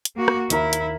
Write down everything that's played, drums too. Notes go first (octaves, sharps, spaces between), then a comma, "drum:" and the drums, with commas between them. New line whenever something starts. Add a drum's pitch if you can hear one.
drum: hi-hat
A#3 F#4
drum: rim click
D#2 E4 A#4 A#5, drum: hi-hat
drum: hi-hat